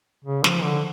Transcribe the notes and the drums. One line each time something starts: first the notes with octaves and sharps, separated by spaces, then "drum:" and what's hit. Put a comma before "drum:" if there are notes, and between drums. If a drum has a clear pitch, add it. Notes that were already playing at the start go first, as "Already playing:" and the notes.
C#3
F3, drum: snare
D3